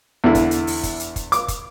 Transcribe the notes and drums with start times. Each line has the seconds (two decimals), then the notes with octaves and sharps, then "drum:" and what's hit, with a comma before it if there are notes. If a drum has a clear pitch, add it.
0.24 E2 D3 E4
0.35 drum: kick, hi-hat
0.51 drum: hi-hat
0.67 drum: open hi-hat
0.83 drum: kick, hi-hat
1.00 drum: hi-hat
1.16 drum: kick, hi-hat
1.32 D6, drum: hi-hat
1.48 drum: kick, hi-hat